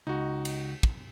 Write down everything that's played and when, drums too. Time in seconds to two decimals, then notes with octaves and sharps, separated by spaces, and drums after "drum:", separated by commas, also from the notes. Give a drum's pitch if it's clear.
0.07 C#2 D#4 F#4
0.45 drum: cymbal
0.83 drum: kick